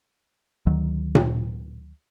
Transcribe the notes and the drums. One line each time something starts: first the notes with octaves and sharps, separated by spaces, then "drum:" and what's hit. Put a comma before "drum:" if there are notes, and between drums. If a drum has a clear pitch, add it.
D2 D#3 F#3
drum: tom A#2